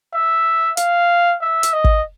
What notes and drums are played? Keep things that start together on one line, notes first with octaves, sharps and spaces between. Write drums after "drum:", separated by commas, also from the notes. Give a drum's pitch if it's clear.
E5
F5, drum: hi-hat
E5
drum: hi-hat
D#5
drum: kick